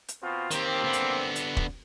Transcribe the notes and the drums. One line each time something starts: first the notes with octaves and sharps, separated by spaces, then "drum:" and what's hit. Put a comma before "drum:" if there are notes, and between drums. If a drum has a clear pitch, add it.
drum: hi-hat
B2 C4 F4
D#3 A#3 C4 G4, drum: hi-hat
D3 B3
drum: hi-hat
drum: hi-hat
drum: kick